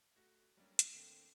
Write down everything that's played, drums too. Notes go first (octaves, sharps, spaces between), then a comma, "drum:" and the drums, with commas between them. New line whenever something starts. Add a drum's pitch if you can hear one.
A3 F#4 A#6
F#3 G3 A3 A#3 C#4 D4
drum: hi-hat
D3 A3 A#3 C4